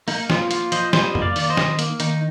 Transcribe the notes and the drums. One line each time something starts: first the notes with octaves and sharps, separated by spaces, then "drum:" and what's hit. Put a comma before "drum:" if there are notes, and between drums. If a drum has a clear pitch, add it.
A#3 D#4, drum: open hi-hat
F3 F4, drum: snare
A#3 F4, drum: hi-hat
F3 C5 D#5, drum: hi-hat
G3 C5 D#5, drum: snare
A#3, drum: tom F2
D5 F5
D#3 D5, drum: open hi-hat
C5 D#5
D#3, drum: snare
A#3, drum: hi-hat
D#3 D#4, drum: hi-hat